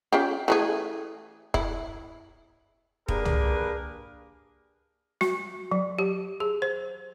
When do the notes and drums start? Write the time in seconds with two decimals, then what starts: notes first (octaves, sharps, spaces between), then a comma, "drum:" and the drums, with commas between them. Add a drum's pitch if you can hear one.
0.12 C#4 F4 G4
0.48 E3 A3 G#4
1.54 E4, drum: kick
3.08 A#3 D4 G4 G#4 A#4 B4, drum: kick
3.25 drum: tom
5.21 F#4, drum: snare
5.71 F#3
5.99 G4
6.40 G#4
6.62 C5